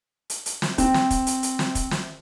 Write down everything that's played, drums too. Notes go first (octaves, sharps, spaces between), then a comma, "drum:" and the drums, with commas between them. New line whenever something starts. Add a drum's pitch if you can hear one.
drum: hi-hat
drum: hi-hat
drum: snare
C4, drum: kick, hi-hat
drum: snare
drum: kick, hi-hat
drum: hi-hat
drum: hi-hat
drum: snare
drum: kick, hi-hat
drum: snare